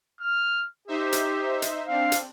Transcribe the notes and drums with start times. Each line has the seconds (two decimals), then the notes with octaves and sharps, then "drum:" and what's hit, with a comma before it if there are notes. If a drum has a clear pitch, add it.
0.21 F6
0.88 D#4 G4 C5 E5
1.12 drum: hi-hat
1.62 drum: hi-hat
1.88 C4 D4 F5
2.12 drum: hi-hat